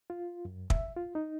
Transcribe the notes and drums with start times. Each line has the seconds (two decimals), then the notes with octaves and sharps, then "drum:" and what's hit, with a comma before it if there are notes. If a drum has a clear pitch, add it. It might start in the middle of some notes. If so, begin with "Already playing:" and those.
0.10 F4
0.45 F#2
0.70 E5, drum: kick
0.96 F4
1.15 D#4